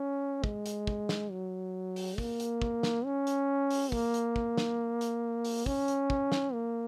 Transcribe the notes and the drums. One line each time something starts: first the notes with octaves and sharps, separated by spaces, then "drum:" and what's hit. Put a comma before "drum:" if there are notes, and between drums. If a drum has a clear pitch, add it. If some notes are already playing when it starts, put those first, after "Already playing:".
Already playing: C#4
G#3, drum: kick
drum: hi-hat
drum: kick
drum: snare
F#3
drum: open hi-hat
A#3, drum: kick
drum: hi-hat
drum: kick
drum: snare
C#4
drum: hi-hat
drum: open hi-hat
A#3, drum: kick
drum: hi-hat
drum: kick
drum: snare
drum: hi-hat
drum: open hi-hat
C#4, drum: kick
drum: hi-hat
drum: kick
drum: snare
A#3